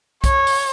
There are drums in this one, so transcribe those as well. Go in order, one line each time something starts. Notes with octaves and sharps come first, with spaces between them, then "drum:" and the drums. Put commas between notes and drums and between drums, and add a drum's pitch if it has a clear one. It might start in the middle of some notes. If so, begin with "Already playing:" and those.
C#5, drum: kick, hi-hat
drum: open hi-hat